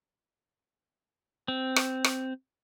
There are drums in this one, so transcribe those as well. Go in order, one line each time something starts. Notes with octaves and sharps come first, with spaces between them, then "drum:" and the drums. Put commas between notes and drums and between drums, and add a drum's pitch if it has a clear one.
C4
drum: rim click
drum: rim click